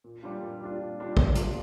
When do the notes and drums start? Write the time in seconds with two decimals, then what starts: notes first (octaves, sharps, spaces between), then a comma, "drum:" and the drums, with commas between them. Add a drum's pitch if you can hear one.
0.04 A#2
0.23 G3 D4 F4
0.42 A#2
0.61 G3 D4 F4
0.79 A#2
0.99 G3 D4 F4
1.17 A#2, drum: kick
1.35 G3 D4 F4, drum: hi-hat